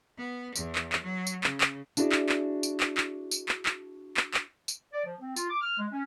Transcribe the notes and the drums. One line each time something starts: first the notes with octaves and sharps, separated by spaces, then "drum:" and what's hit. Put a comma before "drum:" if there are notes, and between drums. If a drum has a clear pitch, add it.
B3
E2, drum: tambourine
drum: clap
drum: clap
F#3
drum: tambourine
C#3, drum: clap
drum: clap
D4 E4 F#4 G#4 D5, drum: tambourine
drum: clap
drum: clap
drum: tambourine
drum: clap
drum: clap
drum: tambourine
drum: clap
drum: clap
drum: clap
drum: clap
drum: tambourine
D5
F3
C4
F4, drum: tambourine
D6
F6
G#3
C#4